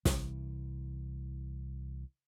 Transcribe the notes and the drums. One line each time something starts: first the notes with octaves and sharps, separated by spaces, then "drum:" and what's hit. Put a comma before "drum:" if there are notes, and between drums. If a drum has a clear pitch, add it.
C2 E3, drum: snare